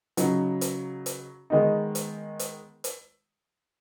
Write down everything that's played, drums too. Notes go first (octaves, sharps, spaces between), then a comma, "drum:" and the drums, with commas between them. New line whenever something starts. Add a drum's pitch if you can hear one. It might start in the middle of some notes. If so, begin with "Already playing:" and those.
C#3 F#3 D#4, drum: hi-hat
drum: hi-hat
drum: hi-hat
D#3 G#3 B3 D#4
drum: hi-hat
drum: hi-hat
drum: hi-hat